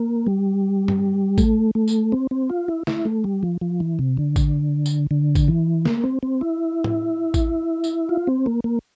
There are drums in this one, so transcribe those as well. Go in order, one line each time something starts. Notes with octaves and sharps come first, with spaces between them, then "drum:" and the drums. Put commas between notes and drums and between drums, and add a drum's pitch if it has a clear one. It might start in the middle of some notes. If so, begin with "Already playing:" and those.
Already playing: A#3
G3
drum: tom G2
A3, drum: kick A1, tambourine
A3
drum: tambourine
C4
C4
F4
E4
E4, drum: snare
A3
G3
F3
F3
E3
C3
D3
drum: kick A1, tambourine
drum: tambourine
D3
drum: kick A1, tambourine
E3
A#3, drum: snare
C4
C4
E4
drum: tom A2
drum: kick A1, tambourine
drum: tambourine
F4
C4
A#3
A#3